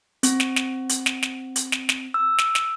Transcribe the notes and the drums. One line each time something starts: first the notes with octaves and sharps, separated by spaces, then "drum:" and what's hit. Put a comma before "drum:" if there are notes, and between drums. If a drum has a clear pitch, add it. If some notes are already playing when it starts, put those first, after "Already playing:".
C4, drum: hi-hat
drum: snare
drum: snare
drum: hi-hat
drum: snare
drum: snare
drum: hi-hat
drum: snare
drum: snare
E6
drum: snare
drum: snare